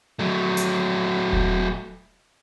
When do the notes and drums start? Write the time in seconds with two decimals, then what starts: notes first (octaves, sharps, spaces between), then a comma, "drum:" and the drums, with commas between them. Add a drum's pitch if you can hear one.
0.19 F#3 A3
0.57 drum: hi-hat
1.33 drum: kick E1